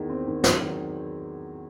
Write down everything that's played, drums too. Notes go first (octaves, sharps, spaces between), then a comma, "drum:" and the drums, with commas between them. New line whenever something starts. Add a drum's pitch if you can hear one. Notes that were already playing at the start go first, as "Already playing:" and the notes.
Already playing: E2 D#3
C4
D#3
F#3, drum: snare
D#3